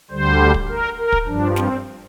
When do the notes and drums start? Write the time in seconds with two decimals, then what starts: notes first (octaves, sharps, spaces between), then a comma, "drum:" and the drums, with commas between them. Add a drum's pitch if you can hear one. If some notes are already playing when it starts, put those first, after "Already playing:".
0.11 D2 D3 G3 C5
0.54 drum: kick
0.69 A#4
0.98 A#4
1.12 drum: kick
1.27 G2 F3 D4
1.56 C4, drum: snare